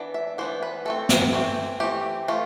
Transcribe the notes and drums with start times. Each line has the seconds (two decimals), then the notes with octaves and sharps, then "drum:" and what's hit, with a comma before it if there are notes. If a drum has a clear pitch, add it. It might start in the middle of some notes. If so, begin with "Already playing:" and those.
Already playing: E3 B3 D4
0.14 E5
0.38 E3 B3 D4 C5
0.63 B4
0.85 E3 A3 C4 A4
1.09 drum: snare
1.33 E3 A3 C4
1.80 E3 A3 C4 G4
2.28 E3 A3 F4